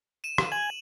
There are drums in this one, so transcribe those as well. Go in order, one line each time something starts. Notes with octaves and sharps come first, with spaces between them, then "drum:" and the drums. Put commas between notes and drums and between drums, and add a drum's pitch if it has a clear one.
D#7 E7
drum: rim click
G#5 F#7